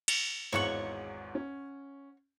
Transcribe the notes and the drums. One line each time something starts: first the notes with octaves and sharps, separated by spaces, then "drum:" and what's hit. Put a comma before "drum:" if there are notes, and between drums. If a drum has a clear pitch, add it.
drum: cymbal
G#1 E2 G#2 C#5 F#5 C#6
C#4